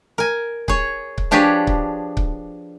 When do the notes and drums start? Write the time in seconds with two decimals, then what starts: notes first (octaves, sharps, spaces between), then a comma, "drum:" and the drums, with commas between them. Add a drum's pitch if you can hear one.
0.18 A#4 G#5
0.68 G#4 C#5, drum: kick C#1
1.18 drum: kick C#1
1.31 F3 D4 G4 G#4 B4 C#5
1.67 drum: kick C#1
2.17 drum: kick C#1